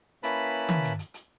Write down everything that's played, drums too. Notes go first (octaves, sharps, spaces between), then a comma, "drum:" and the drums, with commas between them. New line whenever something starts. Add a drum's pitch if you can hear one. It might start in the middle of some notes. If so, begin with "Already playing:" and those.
A#3 C#4 E4 B4 A5 B5, drum: hi-hat
drum: tom D#3
drum: hi-hat
drum: hi-hat
drum: hi-hat